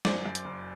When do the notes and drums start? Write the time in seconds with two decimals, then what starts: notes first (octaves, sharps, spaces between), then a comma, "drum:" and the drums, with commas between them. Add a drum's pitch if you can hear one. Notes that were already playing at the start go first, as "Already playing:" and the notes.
0.05 F#2 C5 D5, drum: snare
0.26 F#2
0.35 drum: hi-hat
0.45 F#1